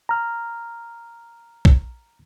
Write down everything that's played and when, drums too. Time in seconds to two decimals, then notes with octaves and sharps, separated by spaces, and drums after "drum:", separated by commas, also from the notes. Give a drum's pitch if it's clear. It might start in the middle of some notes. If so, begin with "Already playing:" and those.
0.09 A#5 F6
1.65 drum: kick A#1